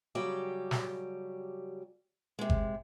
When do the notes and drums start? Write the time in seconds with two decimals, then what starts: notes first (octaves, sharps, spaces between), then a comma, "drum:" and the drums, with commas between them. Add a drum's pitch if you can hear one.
0.15 C#3 F#3 G3 G4
0.71 drum: snare
2.39 C3 G#3
2.50 drum: kick G1